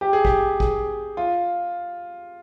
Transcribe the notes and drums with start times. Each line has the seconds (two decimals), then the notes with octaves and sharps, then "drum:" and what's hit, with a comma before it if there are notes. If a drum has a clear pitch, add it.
0.01 G4
0.13 G#4
0.25 G4, drum: kick G#1
0.60 G#4, drum: kick G#1
1.17 F4